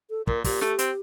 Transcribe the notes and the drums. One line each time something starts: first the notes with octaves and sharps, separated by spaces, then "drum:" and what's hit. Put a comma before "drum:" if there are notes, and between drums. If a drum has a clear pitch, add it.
A4
A#2 A#4, drum: kick
A#2 G4, drum: kick, open hi-hat
A3, drum: snare
C4, drum: hi-hat